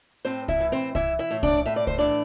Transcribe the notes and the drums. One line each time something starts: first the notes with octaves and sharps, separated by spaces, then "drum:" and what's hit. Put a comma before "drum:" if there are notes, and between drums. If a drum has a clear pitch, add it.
A2 C4 C5
E4 E5, drum: kick C2
E3
C4 C5
E3 E4 E5, drum: kick C2
E4 E5
A2
D4 D5, drum: kick C2
A2 E5
D5
C5, drum: kick C2
E3 D4 D5